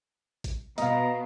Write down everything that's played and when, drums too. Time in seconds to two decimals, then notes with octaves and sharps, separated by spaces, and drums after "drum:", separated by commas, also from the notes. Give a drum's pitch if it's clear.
0.44 drum: kick G#1, hi-hat
0.78 B2 D#5 F5 A#5, drum: hi-hat